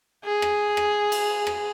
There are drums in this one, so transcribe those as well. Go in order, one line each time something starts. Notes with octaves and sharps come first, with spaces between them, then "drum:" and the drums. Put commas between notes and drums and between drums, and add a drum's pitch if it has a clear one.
G#4
drum: rim click
drum: rim click
drum: cymbal
drum: rim click